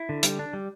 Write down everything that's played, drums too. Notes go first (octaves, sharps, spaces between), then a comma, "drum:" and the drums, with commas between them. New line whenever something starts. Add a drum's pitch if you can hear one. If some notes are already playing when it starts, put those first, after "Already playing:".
Already playing: E4
D3
G3, drum: hi-hat
D4
G3